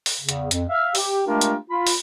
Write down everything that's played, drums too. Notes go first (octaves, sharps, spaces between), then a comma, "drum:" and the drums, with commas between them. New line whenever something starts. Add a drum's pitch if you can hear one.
drum: open hi-hat
E2 C#3
drum: hi-hat
F2, drum: hi-hat
E5 F5
G4, drum: open hi-hat
G#3 A3 D4 F4 G4 A#4
drum: hi-hat
F4 B5
drum: open hi-hat